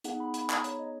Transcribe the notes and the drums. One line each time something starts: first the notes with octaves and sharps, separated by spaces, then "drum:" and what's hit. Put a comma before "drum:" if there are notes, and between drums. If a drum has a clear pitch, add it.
B3 D#4 G#4 F#5, drum: hi-hat
B5
B5, drum: hi-hat
A#5, drum: clap
C#5, drum: hi-hat
D#5